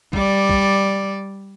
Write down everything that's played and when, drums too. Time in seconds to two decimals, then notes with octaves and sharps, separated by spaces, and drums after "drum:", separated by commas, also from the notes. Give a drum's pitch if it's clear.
0.13 G3 D5, drum: kick
0.49 drum: kick